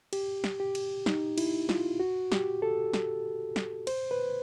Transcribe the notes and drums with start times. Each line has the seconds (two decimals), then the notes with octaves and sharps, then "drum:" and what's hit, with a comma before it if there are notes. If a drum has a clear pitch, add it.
0.13 G4, drum: cymbal
0.44 drum: snare
0.60 G4
0.75 drum: cymbal
1.06 D#4, drum: snare
1.38 E4, drum: cymbal
1.69 F4, drum: snare
2.00 F#4
2.32 G4, drum: snare
2.62 A4
2.93 drum: snare
3.56 drum: snare
3.87 C5, drum: cymbal
4.11 B4